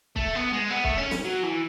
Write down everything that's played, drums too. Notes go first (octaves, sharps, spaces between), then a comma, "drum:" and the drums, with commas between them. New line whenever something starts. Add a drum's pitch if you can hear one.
A3, drum: kick
B3
G#3
B3
A3, drum: kick
C#4
drum: snare
F#3
E3